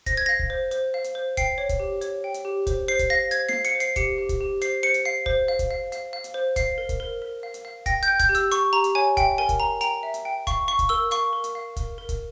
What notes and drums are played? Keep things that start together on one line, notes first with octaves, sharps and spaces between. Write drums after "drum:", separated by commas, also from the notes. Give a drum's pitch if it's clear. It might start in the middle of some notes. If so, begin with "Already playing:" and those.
C5 A#6, drum: kick, hi-hat
G#6
F5 A#6
drum: kick
C5
C5, drum: hi-hat
F5
drum: hi-hat
C5
G5 C7, drum: kick, hi-hat
C#5
drum: kick, hi-hat
G4
C#5, drum: hi-hat
G5
drum: hi-hat
G4
C5, drum: kick, hi-hat
C5 C7
drum: kick, hi-hat
F5 A#6
C5 G#6, drum: hi-hat
C7, drum: snare
F5
C#7, drum: hi-hat
C5
C7, drum: hi-hat
G4 C#7, drum: kick, hi-hat
G4
drum: kick, hi-hat
G4
C5 C7, drum: hi-hat
C5 C#7
drum: hi-hat
F5 C7
C5, drum: kick
F5
drum: kick, hi-hat
F5
F5, drum: hi-hat
F5
drum: hi-hat
C5
F5 C7, drum: kick, hi-hat
A#4
drum: kick, hi-hat
A#4
A#4
F5
drum: hi-hat
F5
G5 A#6, drum: kick, hi-hat
G6, drum: hi-hat
G5
G6, drum: kick, hi-hat
G4
E6, drum: hi-hat
G4 C#6, drum: hi-hat
G4 A#5
drum: hi-hat
C#5 G#5
E5 G5, drum: kick, hi-hat
A#4 G#5
drum: kick, hi-hat
A#4 A#5
G5 A#5, drum: hi-hat
E5
drum: hi-hat
G5
F5 C#6, drum: kick, hi-hat
F5 C#6
drum: kick, hi-hat
A#4 E6
F5 C#6, drum: hi-hat
A#4
drum: hi-hat
F5
A#4, drum: kick, hi-hat
A#4
drum: kick, hi-hat